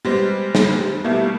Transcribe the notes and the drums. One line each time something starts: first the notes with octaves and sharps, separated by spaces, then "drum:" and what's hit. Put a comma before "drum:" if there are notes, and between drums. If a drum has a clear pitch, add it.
G3 G#3 B3 C4
drum: snare
B2 G3 A3 A#3 E4